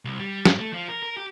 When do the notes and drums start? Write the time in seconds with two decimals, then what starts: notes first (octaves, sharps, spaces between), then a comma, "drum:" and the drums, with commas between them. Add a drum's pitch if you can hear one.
0.05 C2
0.20 G3
0.45 G2, drum: snare
0.59 A3
0.73 F3
0.88 A#4
1.03 A#4
1.17 G4